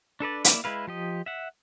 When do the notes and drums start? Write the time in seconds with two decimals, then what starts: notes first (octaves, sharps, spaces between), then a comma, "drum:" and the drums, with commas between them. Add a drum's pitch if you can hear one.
0.20 D4 A4 B4 D5
0.44 A#3 E4 D5, drum: hi-hat
0.64 G#3 E4 B4 F5
0.87 F3 G4 D#5
1.26 E5 F#5